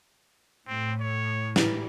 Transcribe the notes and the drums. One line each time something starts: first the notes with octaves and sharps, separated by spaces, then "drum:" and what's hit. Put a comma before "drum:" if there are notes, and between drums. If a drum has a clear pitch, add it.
A2 C4
C#5
E3 G3 A#4, drum: snare